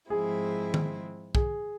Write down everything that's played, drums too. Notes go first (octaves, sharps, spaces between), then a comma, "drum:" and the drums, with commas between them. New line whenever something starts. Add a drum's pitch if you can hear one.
G#2 F3 G#3 C4 E4 G#4
drum: tom D#3
G#4, drum: kick